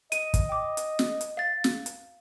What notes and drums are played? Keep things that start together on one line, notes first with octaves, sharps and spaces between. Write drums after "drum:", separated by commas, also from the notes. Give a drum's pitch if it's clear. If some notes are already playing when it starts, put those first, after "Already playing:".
D#5 D#7, drum: hi-hat
drum: kick, hi-hat
G5 D6
drum: hi-hat
drum: snare
drum: hi-hat
F5 A6
drum: snare
drum: hi-hat